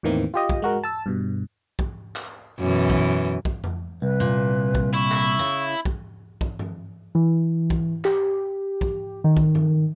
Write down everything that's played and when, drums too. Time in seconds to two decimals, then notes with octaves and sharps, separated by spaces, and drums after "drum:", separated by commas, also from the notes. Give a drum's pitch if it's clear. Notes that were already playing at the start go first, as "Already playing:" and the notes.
0.03 E2 A2 D#3 E3 A#3 C4
0.34 F4 G4 D#5
0.49 drum: kick
0.62 G#3 F#4 A#4
0.83 A5 E6
1.06 G2 B2
1.79 drum: kick
2.16 drum: clap
2.60 F#2 B2 E3
2.90 drum: kick
3.45 drum: kick
3.64 drum: tom F2
4.02 C2 B4
4.20 A#2
4.75 drum: kick
4.94 E4 C#6
5.12 drum: clap
5.39 C#3
5.85 drum: kick
6.41 drum: kick
6.59 drum: tom G2
7.15 E3
7.70 drum: kick
8.05 G4, drum: clap
8.81 drum: kick
9.24 D#3
9.37 drum: kick
9.55 drum: tom G2